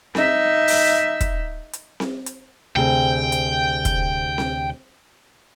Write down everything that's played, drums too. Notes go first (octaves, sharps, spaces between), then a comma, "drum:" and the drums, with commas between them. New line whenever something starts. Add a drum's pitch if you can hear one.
D#4 E5, drum: snare C4
drum: open hi-hat
drum: kick, hi-hat
drum: hi-hat
drum: snare C4
drum: hi-hat
D2 C3 G#4 G5
drum: hi-hat
drum: kick, hi-hat
drum: snare C4